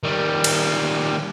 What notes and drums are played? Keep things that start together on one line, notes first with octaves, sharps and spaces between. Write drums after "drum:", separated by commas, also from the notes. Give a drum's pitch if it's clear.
D#3 G3
drum: cymbal